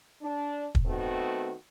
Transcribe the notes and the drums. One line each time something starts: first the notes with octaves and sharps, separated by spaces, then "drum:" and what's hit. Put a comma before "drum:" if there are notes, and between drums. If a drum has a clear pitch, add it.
D4
drum: kick
D#3 A3 B3 C4 F#4